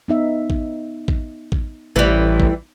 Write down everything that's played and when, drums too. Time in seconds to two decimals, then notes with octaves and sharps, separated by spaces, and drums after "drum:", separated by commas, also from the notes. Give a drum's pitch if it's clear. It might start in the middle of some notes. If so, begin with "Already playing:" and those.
0.08 B3 D#4 E5
0.50 drum: kick A1
1.08 drum: kick A1
1.52 drum: kick A1
1.96 A1 E3 G3
2.40 drum: kick A1